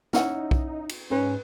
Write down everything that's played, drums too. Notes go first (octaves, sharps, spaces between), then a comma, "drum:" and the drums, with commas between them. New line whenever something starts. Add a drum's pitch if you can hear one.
C#4 D#4 E4 F#5, drum: snare
drum: kick B1
drum: cymbal
G#2 C#4 B4